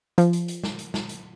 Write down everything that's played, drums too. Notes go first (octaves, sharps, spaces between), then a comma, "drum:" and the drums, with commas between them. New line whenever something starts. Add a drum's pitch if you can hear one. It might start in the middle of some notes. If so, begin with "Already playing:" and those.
F3, drum: hi-hat
drum: hi-hat
drum: hi-hat
drum: snare
drum: hi-hat
drum: snare
drum: hi-hat